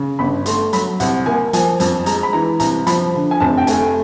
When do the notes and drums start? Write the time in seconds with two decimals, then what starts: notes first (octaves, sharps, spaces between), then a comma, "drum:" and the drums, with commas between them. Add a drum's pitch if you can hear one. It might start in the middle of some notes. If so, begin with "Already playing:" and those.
Already playing: C#3
0.19 G1 B5
0.46 A3 C6, drum: hi-hat
0.73 F#3 B5, drum: hi-hat
1.00 C2 F#5, drum: hi-hat
1.26 A#3 G#5, drum: tom
1.53 F3 G#5, drum: hi-hat
1.80 F2 A5, drum: hi-hat
2.06 G#3 A#5, drum: hi-hat
2.23 B5
2.33 E3 A#5
2.60 C2 A#5, drum: hi-hat
2.87 F3 B5, drum: hi-hat
3.14 D3
3.31 G#5
3.40 F1 A5
3.58 G5
3.67 A3 G#5, drum: hi-hat